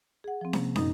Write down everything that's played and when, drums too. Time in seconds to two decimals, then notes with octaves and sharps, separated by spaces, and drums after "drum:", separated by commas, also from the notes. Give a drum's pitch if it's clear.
0.24 G#4 F#5
0.41 F3 C4
0.53 C3 A#3, drum: snare
0.76 F#2 A#2 D#4 D#6, drum: snare